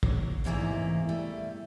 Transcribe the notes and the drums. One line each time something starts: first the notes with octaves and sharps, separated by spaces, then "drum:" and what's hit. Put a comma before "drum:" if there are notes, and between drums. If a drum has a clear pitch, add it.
F#3 A#3, drum: kick
E2 G#2 C3 E3 A3 A#3
G3 A3